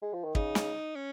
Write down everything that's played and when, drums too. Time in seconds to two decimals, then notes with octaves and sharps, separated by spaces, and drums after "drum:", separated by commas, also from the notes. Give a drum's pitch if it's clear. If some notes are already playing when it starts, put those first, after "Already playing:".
0.02 G#3
0.13 F3
0.24 D#3
0.35 C#3 D#4, drum: kick
0.55 drum: snare
0.96 C#4